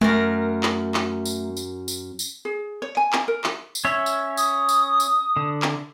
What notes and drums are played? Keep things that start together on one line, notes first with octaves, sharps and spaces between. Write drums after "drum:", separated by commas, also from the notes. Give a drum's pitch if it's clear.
F#2 A3 A#4
drum: clap
drum: clap
drum: tambourine
drum: tambourine
drum: tambourine
drum: tambourine
G#4
C#5
G#5
drum: clap
A#4
drum: clap
drum: tambourine
C#4 C#5 E5
drum: tambourine
D#6, drum: tambourine
drum: tambourine
drum: tambourine
D3
drum: clap